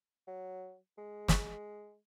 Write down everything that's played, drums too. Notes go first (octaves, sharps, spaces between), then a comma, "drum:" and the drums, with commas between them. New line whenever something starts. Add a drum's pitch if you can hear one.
F#3
G#3
drum: snare